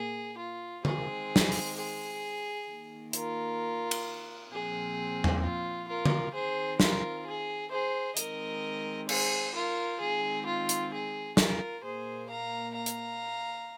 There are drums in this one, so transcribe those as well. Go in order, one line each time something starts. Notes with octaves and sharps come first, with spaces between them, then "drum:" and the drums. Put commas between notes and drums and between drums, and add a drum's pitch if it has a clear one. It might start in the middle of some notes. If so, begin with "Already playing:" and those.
Already playing: A#2 A#3 G#4
F4
D#3 G#3 C4 G#4, drum: tom D3
drum: snare
drum: open hi-hat
G#4
D#3 A#3
F4 A#4, drum: hi-hat
drum: cymbal
A#2 F3 C4 G#4
drum: tom E2
F4
F4 A#4
drum: tom D3
D#3 C4 G#4 C5
F4 A#4, drum: snare
G#4
G#4 C5
D#3 G#3 C4 A#4 D#5, drum: hi-hat
G#4 C5, drum: cymbal
F4 A#4
D#3 G#3 C4 G#4
F4
drum: hi-hat
G#4
F4 A#4, drum: snare
A#2 A#3 G#4 C5
F5 A#5
F5 A#5
drum: hi-hat